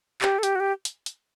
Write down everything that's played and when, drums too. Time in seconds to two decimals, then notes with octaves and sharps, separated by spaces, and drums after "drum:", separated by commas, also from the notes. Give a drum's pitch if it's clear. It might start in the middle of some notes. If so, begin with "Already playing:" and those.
0.22 G4, drum: clap
0.39 A4
0.43 G4, drum: hi-hat
0.55 F#4
0.60 G4
0.85 drum: hi-hat
1.06 drum: hi-hat